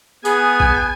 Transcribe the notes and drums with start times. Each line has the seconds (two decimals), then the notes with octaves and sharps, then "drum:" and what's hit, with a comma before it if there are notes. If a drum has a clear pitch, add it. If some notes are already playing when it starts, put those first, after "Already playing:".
0.25 B3 G#4 G#5, drum: tambourine
0.60 drum: kick A#1